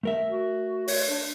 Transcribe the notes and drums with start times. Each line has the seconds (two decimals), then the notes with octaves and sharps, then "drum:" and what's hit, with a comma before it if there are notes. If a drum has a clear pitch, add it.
0.03 A3 A#4 E5
0.28 F#4
0.88 C#5, drum: open hi-hat
1.08 D4